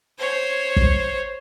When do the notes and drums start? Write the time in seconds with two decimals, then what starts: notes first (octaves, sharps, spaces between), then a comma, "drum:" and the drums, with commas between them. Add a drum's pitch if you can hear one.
0.18 C5 C#5
0.76 drum: kick